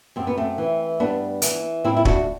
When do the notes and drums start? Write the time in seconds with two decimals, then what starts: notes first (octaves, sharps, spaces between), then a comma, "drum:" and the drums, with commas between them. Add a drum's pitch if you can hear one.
0.16 F#2 C4
0.27 B3
0.37 A3 C4
0.58 E3
1.00 G2 B3 D4
1.42 E3, drum: hi-hat
1.84 A2 C4 E4
1.97 E4
2.05 D4 F#4, drum: kick